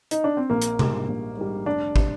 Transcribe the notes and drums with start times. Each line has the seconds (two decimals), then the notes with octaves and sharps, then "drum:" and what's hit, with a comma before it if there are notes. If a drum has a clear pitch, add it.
0.11 D#4, drum: hi-hat
0.24 D4
0.37 C4
0.50 A#1 A#3
0.62 drum: hi-hat
0.79 G#2 G3, drum: tom C3
1.08 A#1
1.37 G#2 G3
1.66 F1 D4
1.96 C3, drum: kick